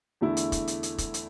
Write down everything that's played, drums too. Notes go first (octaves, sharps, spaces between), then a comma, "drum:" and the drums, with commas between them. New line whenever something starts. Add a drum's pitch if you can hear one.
E2 D3 A3 E4
drum: hi-hat
drum: kick E1, hi-hat
drum: hi-hat
drum: hi-hat
drum: kick E1, hi-hat
drum: hi-hat